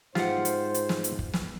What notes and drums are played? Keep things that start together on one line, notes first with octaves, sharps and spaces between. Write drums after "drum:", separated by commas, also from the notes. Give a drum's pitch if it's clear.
G#2 F4 G4 C5 F#5, drum: snare
drum: hi-hat
drum: hi-hat
drum: snare
drum: hi-hat
drum: kick
drum: snare